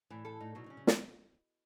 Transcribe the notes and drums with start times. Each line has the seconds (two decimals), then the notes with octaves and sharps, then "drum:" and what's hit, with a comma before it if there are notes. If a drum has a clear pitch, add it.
0.10 A2 E3
0.25 A2 A4
0.40 A2 D#4
0.55 B2 F#3
0.66 C#3
0.70 C#4
0.77 C#3
0.87 drum: snare